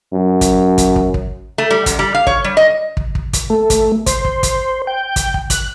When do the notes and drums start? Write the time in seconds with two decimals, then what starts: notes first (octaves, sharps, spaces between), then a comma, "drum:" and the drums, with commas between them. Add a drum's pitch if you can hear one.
0.13 F#2
0.41 drum: kick, hi-hat
0.78 drum: kick, hi-hat
0.96 drum: kick
1.14 drum: kick
1.58 A3
1.70 G3
1.86 F#2, drum: kick, hi-hat
1.99 G3
2.14 F5
2.27 C#5, drum: kick
2.44 G3
2.57 D#5
2.97 drum: kick
3.15 drum: kick
3.33 drum: kick, hi-hat
3.50 A3
3.70 drum: kick, hi-hat
4.06 C5, drum: kick, hi-hat
4.25 drum: kick
4.43 drum: kick, hi-hat
4.87 G5
5.16 drum: kick, hi-hat
5.34 drum: kick
5.50 F#6, drum: kick, hi-hat